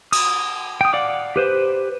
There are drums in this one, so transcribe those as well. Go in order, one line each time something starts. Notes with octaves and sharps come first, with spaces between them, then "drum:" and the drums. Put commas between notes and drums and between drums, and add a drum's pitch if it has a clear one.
D#6, drum: cymbal
G5 D#6
D5 F5 F#5 D6
G4 B4 C5